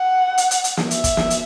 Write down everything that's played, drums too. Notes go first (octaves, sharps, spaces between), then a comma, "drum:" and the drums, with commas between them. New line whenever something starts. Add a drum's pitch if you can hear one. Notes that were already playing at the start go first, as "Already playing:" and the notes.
Already playing: F#5
drum: hi-hat
drum: hi-hat
drum: hi-hat
drum: snare
E5, drum: hi-hat
drum: kick, hi-hat
drum: snare
drum: hi-hat